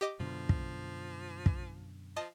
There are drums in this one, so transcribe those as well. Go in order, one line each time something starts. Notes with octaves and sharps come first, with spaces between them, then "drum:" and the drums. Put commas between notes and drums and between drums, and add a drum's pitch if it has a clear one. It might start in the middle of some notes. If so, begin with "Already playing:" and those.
G4 D#5 D6
F#2 B2 D3 F3
drum: kick
drum: kick
F3 D#5 A5 D#6